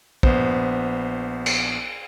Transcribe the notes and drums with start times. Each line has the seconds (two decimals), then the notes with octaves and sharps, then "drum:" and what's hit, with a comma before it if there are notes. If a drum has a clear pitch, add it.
0.23 A#1 B3 C5, drum: kick
1.46 drum: cymbal